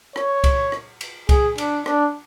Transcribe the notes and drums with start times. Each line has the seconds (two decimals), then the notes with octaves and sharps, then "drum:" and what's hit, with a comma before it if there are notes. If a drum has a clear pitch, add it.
0.16 C#5, drum: rim click
0.44 drum: kick, cymbal
0.72 drum: rim click
1.01 drum: cymbal
1.29 G#4, drum: kick, cymbal
1.58 D4, drum: cymbal
1.86 D4, drum: rim click